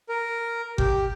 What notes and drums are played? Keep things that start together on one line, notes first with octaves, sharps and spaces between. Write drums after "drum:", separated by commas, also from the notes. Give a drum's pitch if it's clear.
A#4
G4, drum: kick G1